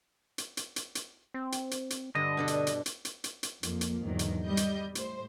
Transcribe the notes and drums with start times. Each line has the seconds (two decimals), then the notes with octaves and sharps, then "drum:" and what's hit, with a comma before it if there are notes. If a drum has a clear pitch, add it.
0.38 drum: hi-hat
0.57 drum: hi-hat
0.76 drum: hi-hat
0.95 drum: hi-hat
1.34 C4
1.52 drum: hi-hat
1.71 drum: hi-hat
1.90 drum: hi-hat
2.15 G2 D3 D#5
2.37 B2 D4 A4
2.48 drum: hi-hat
2.67 drum: hi-hat
2.86 drum: hi-hat
3.05 drum: hi-hat
3.24 drum: hi-hat
3.43 drum: hi-hat
3.63 F2 F3 A#3, drum: hi-hat
3.81 drum: hi-hat
4.03 E2 G#2 D3 D#3 F#3
4.19 drum: hi-hat
4.46 G3 D#5 G6
4.57 drum: hi-hat
4.95 A2 C5, drum: hi-hat